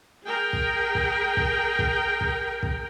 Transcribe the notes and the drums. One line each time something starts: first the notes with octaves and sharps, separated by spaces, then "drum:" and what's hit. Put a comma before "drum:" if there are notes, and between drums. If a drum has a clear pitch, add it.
G#4 A#4 G5
drum: kick
drum: kick
drum: kick
drum: kick
drum: kick
drum: kick